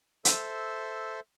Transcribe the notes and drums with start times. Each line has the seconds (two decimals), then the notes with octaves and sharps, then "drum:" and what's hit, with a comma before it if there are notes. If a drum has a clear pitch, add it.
0.25 A4 C5 E5, drum: hi-hat